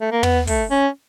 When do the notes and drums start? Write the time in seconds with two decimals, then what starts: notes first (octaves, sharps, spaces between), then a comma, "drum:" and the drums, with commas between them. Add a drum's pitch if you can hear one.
0.01 A3
0.12 A#3
0.23 B3, drum: tom
0.47 A3, drum: kick, open hi-hat
0.71 C#4